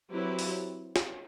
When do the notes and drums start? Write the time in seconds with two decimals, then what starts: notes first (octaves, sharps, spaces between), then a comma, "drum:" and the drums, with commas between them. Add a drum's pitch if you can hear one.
0.12 F#3 C4 E4 G4 B4
0.39 drum: open hi-hat
0.96 drum: snare